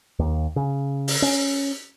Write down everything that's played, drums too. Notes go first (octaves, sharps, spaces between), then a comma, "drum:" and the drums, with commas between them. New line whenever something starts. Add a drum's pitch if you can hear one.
D#2
C#3
drum: open hi-hat
C#4